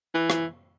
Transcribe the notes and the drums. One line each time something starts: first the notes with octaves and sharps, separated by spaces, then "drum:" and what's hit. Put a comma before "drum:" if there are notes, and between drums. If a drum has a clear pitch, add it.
E3
drum: rim click